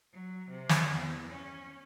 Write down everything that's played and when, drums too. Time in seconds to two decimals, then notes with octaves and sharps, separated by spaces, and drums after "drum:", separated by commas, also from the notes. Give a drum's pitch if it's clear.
0.13 F#3
0.50 C3
0.69 drum: snare
0.92 E2
1.30 C#4